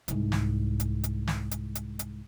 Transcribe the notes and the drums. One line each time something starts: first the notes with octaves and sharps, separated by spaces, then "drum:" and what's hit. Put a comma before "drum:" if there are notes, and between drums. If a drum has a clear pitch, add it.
C2 G#2, drum: hi-hat
drum: snare
drum: hi-hat
drum: hi-hat
drum: snare
drum: hi-hat
drum: hi-hat
drum: hi-hat